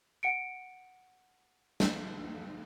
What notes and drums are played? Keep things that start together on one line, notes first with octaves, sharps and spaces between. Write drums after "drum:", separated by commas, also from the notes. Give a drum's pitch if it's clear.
F#5 C#7 D7
drum: snare